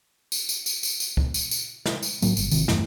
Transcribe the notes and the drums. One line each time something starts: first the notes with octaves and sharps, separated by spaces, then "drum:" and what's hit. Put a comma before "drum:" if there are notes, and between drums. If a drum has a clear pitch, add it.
drum: tambourine
drum: tambourine
drum: tambourine
drum: tambourine
drum: tambourine
drum: kick
drum: tambourine
drum: tambourine
drum: snare
drum: tambourine
A2 F#3 A#3, drum: tambourine
G1, drum: tambourine
G#1 C3 D#3, drum: tambourine
E2 G2 A3, drum: snare